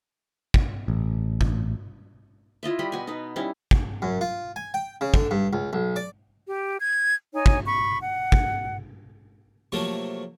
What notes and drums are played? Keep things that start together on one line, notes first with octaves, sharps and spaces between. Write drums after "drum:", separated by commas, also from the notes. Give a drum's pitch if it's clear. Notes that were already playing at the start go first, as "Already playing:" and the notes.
drum: kick
A1
drum: kick
E4 F4 D#5 E5
G3 G4 D#5 B5
B2 F#4 G#5
D#4 B4
G3 C#4 D#4 E4
drum: kick
F#2
F4
G#5
G5
C#3
D3, drum: kick
G2
C#2
B1
D5
G4
G#6
D#4 C#5 G#5
drum: kick
B5 C#6
F#5
drum: kick
C3 F3 F#3 A3 A#3